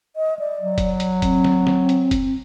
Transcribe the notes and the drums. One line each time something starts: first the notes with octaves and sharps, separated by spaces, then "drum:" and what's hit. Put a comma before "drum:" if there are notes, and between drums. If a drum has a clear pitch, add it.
D#5
D5
F#3
drum: kick F1, hi-hat
drum: hi-hat
C4, drum: kick F1, hi-hat
drum: snare
drum: snare
drum: hi-hat
drum: kick F1, hi-hat